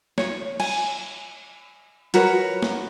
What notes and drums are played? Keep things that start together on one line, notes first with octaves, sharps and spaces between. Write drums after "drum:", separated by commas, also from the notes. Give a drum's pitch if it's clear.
C#5, drum: snare
G#5, drum: cymbal
F#4 A#4 B4 C#5, drum: hi-hat
drum: snare